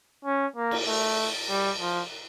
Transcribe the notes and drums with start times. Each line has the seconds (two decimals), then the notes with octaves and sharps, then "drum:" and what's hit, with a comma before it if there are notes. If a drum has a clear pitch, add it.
0.25 C#4
0.56 A#3
0.71 drum: cymbal
0.87 A3
1.49 G3
1.80 F3